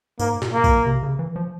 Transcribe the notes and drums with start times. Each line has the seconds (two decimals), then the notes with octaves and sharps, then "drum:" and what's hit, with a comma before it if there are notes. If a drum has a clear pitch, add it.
0.19 G#2 A#3, drum: tambourine
0.42 A#2, drum: snare
0.53 A#3
0.64 A#2, drum: kick A#1, tambourine
0.86 C3
1.03 C#3
1.19 E3
1.36 F3